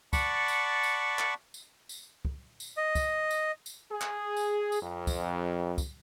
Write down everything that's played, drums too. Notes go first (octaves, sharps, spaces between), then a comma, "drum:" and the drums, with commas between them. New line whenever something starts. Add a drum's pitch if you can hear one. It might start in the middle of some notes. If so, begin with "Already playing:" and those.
D5 F#5 A5 B5 C#6, drum: kick, tambourine
drum: tambourine
drum: tambourine
drum: clap
drum: tambourine
drum: tambourine
drum: kick
drum: tambourine
D#5
drum: kick, tambourine
drum: tambourine
drum: tambourine
G#4
drum: clap
drum: tambourine
drum: tambourine
F2
drum: kick, tambourine
drum: kick, tambourine